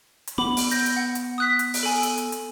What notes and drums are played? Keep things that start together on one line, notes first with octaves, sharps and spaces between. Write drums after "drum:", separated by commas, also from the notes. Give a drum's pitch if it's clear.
drum: hi-hat
B3 B5 D6 F#7
drum: open hi-hat
G6 A#6, drum: hi-hat
drum: hi-hat
F#5
drum: hi-hat
D#6 F#6 B6
drum: hi-hat
drum: open hi-hat
A4 G#5
drum: hi-hat
drum: hi-hat
drum: hi-hat